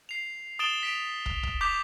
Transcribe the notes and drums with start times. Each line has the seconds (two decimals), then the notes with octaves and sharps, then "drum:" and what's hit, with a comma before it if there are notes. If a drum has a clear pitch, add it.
0.09 C7 F7
0.59 D#6 A6 D7 E7 G7
0.83 B6 D7 F7
1.26 drum: kick
1.43 drum: kick
1.61 D6 G6 B6 F7